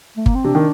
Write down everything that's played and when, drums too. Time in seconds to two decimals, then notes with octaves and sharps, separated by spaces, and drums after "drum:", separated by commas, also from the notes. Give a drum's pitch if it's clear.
0.17 A3
0.26 A#3, drum: kick G1
0.35 C4
0.44 C3 D4
0.55 D#3